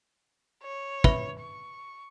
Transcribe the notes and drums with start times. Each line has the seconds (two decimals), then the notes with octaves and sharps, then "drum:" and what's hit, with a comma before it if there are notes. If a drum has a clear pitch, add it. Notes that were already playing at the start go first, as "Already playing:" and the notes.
0.64 C#5
1.04 B4 E5 B5, drum: kick
1.41 C#6